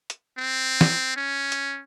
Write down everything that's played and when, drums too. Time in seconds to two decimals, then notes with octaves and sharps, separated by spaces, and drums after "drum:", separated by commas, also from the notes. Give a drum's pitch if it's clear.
0.10 drum: hi-hat
0.38 C4
0.81 drum: snare
1.16 C#4
1.52 drum: hi-hat